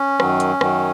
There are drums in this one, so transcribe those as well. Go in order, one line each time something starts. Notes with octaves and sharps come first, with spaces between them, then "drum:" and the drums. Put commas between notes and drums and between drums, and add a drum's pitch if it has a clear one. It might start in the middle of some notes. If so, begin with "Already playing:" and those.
Already playing: C#4
F#2 D#3 F#3, drum: rim click
drum: hi-hat
F#2 D#3 F#3, drum: rim click